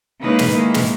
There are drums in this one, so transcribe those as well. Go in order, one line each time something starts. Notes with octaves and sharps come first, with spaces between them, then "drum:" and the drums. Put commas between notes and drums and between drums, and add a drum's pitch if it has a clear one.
C#3 G#3 A#3 D#4 E4 B4
drum: snare
D#3 G#3 A#3 E4
drum: snare